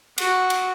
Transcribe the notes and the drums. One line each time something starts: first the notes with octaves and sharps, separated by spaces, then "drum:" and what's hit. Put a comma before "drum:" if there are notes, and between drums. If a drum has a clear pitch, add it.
F#4, drum: cymbal
drum: cymbal